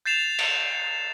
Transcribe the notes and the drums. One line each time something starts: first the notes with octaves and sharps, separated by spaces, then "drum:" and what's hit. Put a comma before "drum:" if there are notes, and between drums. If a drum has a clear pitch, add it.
G6 A6 C7 E7 F7
drum: cymbal